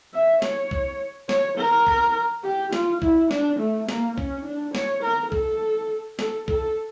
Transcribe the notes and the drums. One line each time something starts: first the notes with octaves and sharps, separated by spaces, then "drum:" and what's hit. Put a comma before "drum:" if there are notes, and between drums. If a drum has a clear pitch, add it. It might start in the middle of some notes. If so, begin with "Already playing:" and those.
E5
C#5, drum: snare
drum: kick C2
C#5, drum: snare
A#4
drum: kick C2
G4
F4, drum: snare
E4, drum: kick C2
D4, drum: snare
A3
A#3, drum: snare
C#4, drum: kick C2
D4
C#5, drum: snare
A#4
A4, drum: kick C2
A4, drum: snare
A4, drum: kick C2